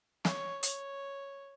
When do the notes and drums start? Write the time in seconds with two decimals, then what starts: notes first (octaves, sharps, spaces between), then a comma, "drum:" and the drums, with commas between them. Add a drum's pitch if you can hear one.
0.25 C#5, drum: snare
0.63 C#5, drum: hi-hat